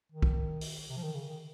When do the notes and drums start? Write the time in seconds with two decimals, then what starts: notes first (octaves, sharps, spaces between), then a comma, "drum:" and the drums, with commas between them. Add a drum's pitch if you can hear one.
0.12 D#3
0.22 drum: kick B1
0.61 drum: open hi-hat
0.89 C3
0.97 F3
1.03 D#3
1.15 C#3
1.29 D#3